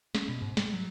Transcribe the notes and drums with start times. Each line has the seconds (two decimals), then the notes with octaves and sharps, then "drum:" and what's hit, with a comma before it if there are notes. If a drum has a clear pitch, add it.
0.15 C#4, drum: snare
0.29 B2
0.42 G#2
0.57 G3, drum: snare
0.73 F#3